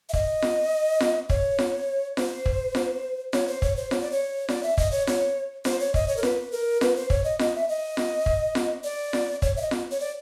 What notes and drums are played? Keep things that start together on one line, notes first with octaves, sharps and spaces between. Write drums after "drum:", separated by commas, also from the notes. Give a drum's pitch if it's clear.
E5
D#5, drum: kick
drum: snare F4
drum: snare F4
C#5, drum: kick
drum: snare F4
C5, drum: snare F4
drum: kick
drum: snare F4
C#5, drum: snare F4
C5
C#5, drum: kick
C5
C#5, drum: snare F4
D5
C#5
D5, drum: snare F4
E5
D#5, drum: kick
C#5
C#5, drum: snare F4
C5, drum: snare F4
C#5
D#5, drum: kick
C#5
A#4
B4, drum: snare F4
A#4
B4, drum: snare F4
C5
C#5, drum: kick
D#5
D#5, drum: snare F4
E5
D#5
drum: snare F4
drum: kick
drum: snare F4
D5
drum: snare F4
C#5, drum: kick
E5
D#5
drum: snare F4
C#5
D5